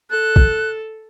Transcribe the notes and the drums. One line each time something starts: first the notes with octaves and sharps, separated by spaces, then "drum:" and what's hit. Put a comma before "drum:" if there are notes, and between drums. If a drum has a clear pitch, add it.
A4 F#6
drum: kick